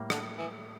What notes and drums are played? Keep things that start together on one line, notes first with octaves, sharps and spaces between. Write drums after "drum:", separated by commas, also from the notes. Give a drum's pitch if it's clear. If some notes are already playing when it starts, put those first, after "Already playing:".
Already playing: A2 G3 A#3
D3, drum: rim click
E3